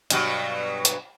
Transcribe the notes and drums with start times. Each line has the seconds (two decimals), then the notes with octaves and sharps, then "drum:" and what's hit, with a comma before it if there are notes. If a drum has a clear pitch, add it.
0.10 G2 B2 F#3, drum: hi-hat
0.85 drum: hi-hat